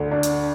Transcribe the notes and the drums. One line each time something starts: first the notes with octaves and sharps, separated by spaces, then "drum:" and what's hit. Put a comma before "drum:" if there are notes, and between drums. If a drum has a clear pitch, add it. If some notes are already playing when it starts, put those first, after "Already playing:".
Already playing: D2 D3
D4
drum: hi-hat